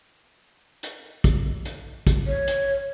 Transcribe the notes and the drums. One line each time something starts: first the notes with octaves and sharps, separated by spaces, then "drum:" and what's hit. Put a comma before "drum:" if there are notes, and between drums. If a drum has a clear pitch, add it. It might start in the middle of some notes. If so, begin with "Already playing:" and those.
drum: hi-hat
drum: kick, hi-hat
drum: hi-hat
drum: kick, hi-hat
C#5
drum: hi-hat